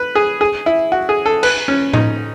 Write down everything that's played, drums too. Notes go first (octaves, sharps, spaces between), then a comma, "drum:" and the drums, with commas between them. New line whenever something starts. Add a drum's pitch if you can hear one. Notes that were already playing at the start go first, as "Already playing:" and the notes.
Already playing: B4
G#4
G#4
E4
F#4
G#4
A4
B4, drum: cymbal
C#4
D#4, drum: tom A2